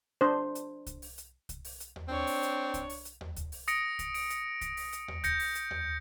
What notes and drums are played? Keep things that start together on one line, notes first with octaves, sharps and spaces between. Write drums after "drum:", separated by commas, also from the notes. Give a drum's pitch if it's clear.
D4 C5
drum: hi-hat
drum: kick C2, hi-hat
drum: open hi-hat
drum: hi-hat
drum: kick C2, hi-hat
drum: open hi-hat
drum: hi-hat
drum: tom D#2
C4 D4 C#5
drum: open hi-hat
drum: hi-hat
drum: kick C2, hi-hat
drum: open hi-hat
drum: hi-hat
drum: tom D#2
drum: kick C2, hi-hat
drum: open hi-hat
D#6 A#6 C#7 D7, drum: hi-hat
drum: kick C2, hi-hat
D7, drum: open hi-hat
drum: hi-hat
drum: kick C2, hi-hat
drum: open hi-hat
drum: hi-hat
drum: tom D#2
G6 A#6 C#7, drum: kick C2, hi-hat
drum: open hi-hat
drum: hi-hat
drum: tom D#2